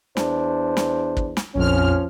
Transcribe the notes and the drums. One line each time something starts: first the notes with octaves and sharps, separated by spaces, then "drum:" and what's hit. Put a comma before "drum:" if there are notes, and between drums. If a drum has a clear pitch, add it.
E2 D4 C5, drum: snare
drum: snare
drum: kick
drum: snare
A#1 F2 F3 C#4 F6